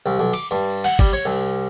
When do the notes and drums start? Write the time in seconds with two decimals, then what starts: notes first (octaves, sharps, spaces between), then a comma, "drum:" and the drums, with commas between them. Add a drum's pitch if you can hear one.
0.06 C2
0.19 B1
0.33 D6, drum: cymbal
0.51 G2
0.84 F#5, drum: cymbal
0.99 G3, drum: kick
1.13 C#5
1.26 C2